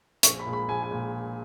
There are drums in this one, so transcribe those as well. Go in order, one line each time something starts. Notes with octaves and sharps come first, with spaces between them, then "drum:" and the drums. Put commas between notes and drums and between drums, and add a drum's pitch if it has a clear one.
A#1 C#6, drum: hi-hat
B5
A#2 G#3
B5
A#1 G#5
G#5
A#2 G#3